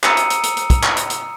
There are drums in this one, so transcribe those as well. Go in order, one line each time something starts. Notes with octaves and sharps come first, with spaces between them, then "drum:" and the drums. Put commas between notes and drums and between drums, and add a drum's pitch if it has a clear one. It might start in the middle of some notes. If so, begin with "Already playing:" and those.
A#5 D#6 E6 C#7 D#7, drum: clap
drum: hi-hat
drum: hi-hat
drum: hi-hat
drum: hi-hat
drum: kick, hi-hat
drum: clap
drum: hi-hat
drum: hi-hat